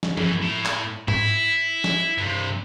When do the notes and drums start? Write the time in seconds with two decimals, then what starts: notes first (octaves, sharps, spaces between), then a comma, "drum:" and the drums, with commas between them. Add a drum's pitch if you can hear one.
0.03 drum: snare
0.17 F#2 E3, drum: tom F3
0.42 A2
0.65 drum: clap
1.08 E4, drum: tom G#2
1.84 drum: snare
2.18 G2 C3